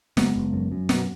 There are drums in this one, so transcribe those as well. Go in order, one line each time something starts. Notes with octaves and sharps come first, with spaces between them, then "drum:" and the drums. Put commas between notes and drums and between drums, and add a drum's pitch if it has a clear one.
F#1 G#3 B3, drum: snare
F#1
F#2
F#2
B2, drum: snare